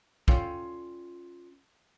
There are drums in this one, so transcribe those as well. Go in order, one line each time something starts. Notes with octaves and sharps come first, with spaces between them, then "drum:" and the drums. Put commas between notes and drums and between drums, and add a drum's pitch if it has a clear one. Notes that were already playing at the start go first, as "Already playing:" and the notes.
C#4 F4 A4 D5 G5, drum: kick